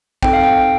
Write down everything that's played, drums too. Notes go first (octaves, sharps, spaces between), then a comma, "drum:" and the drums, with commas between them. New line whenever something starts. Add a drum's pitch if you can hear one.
C4 D#4 A4 G5, drum: kick A1
F5
G5